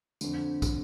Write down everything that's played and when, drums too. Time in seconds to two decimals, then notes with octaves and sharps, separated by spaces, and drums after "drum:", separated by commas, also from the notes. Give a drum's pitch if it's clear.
0.21 F2 D3, drum: tambourine
0.62 drum: kick, tambourine